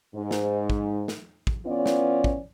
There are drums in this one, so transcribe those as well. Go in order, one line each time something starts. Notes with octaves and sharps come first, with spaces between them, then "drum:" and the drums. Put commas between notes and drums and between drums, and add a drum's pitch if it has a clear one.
G#2
drum: snare
drum: kick
drum: snare
drum: kick
E3 B3 C#4 F4 D5
drum: snare
drum: kick